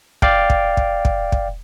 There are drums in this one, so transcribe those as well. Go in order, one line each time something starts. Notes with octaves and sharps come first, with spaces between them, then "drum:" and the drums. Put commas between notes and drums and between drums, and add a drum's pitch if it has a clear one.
D5 F5 G5, drum: kick
drum: kick
drum: kick
drum: kick
drum: kick